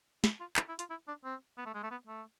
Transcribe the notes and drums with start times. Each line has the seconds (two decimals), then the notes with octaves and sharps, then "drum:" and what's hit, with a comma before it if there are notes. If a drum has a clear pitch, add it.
0.24 E4, drum: snare
0.40 F4
0.56 E4, drum: clap
0.69 E4
0.79 F4, drum: hi-hat
0.90 E4
1.08 D4
1.24 C4
1.58 B3
1.66 A3
1.74 G#3
1.83 A3
1.91 B3
2.07 A3